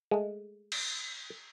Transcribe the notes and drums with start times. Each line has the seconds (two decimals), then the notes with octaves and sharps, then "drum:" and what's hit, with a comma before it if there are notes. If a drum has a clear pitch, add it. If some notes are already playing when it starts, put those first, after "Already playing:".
0.11 G#3 A3
0.72 drum: cymbal